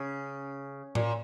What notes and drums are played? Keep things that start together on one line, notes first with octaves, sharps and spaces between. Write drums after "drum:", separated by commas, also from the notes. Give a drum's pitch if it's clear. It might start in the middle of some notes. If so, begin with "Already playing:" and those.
Already playing: C#3
A#2, drum: tom A2